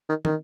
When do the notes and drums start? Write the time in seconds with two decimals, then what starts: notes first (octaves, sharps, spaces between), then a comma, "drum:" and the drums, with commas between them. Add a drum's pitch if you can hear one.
0.09 D#3
0.25 D#3, drum: tom